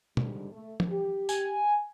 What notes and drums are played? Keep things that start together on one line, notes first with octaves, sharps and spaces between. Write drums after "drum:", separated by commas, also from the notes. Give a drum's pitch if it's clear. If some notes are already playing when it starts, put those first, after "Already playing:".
G#2 D3 G3, drum: tom
A3
drum: tom
G4
G#5, drum: tambourine